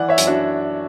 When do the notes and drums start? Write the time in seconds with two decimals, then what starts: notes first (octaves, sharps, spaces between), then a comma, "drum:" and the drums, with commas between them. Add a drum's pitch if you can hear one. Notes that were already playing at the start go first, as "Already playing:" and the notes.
Already playing: E3 D5 F#5
0.09 C#5 E5
0.18 F#2, drum: hi-hat
0.27 D4 F#4